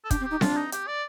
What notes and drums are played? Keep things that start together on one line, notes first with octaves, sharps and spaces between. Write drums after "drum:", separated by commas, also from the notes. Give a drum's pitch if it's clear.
A4
D4 G4, drum: kick, hi-hat
C4
G4
D#4
D4 F4, drum: snare C4
D#4
G4, drum: hi-hat
D5